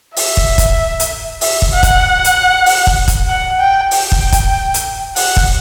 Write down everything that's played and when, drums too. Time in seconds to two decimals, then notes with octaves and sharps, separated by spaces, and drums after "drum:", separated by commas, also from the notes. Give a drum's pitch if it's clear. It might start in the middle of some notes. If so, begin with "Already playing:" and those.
0.16 E5, drum: open hi-hat
0.37 drum: kick
0.58 drum: kick, hi-hat
1.00 drum: hi-hat
1.41 E5, drum: open hi-hat
1.62 drum: kick
1.73 F#5
1.83 drum: kick, hi-hat
2.24 drum: hi-hat
2.66 drum: open hi-hat
2.87 drum: kick
3.08 drum: kick, hi-hat
3.29 F#5
3.59 G5
3.91 G5, drum: open hi-hat
4.12 drum: kick
4.32 drum: kick, hi-hat
4.74 drum: hi-hat
5.16 F#5, drum: open hi-hat
5.37 drum: kick